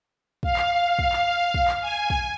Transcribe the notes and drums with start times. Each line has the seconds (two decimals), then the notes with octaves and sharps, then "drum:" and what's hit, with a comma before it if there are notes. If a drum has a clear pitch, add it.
0.43 F5, drum: kick
0.57 drum: clap
0.99 drum: kick
1.13 drum: clap
1.54 drum: kick
1.68 drum: clap
1.81 G#5
2.10 drum: kick